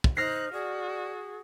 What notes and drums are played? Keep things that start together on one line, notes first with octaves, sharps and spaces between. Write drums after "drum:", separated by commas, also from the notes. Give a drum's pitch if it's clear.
drum: kick
D#4 C5 F6 F#6 A#6 C7
F#4 G#4 D5